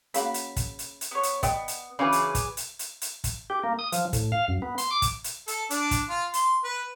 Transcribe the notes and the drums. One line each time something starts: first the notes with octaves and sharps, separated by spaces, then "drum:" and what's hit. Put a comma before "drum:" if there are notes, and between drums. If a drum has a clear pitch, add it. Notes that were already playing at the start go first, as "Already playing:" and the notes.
C#3 A#3 F#4 B5, drum: hi-hat
drum: hi-hat
drum: kick, hi-hat
drum: hi-hat
drum: hi-hat
B3 C#5
drum: hi-hat
B3 D5 D#5 G5, drum: kick, hi-hat
drum: hi-hat
C#3 E3 F#3 G#4 B4 D5
drum: hi-hat
drum: kick, hi-hat
drum: hi-hat
drum: hi-hat
drum: hi-hat
drum: kick, hi-hat
G4
A#3
D#6
F3, drum: hi-hat
A2, drum: kick, hi-hat
F5
F#2
B3
C6, drum: hi-hat
D6
drum: kick, hi-hat
drum: hi-hat
A4, drum: hi-hat
D4, drum: hi-hat
drum: kick, hi-hat
F4
C6, drum: hi-hat
B4